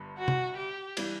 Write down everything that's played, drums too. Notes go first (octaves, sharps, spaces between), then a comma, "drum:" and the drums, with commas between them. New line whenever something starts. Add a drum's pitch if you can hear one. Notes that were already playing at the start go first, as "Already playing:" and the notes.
Already playing: G1 G2
F#4
drum: tom
G4
E3 G3, drum: cymbal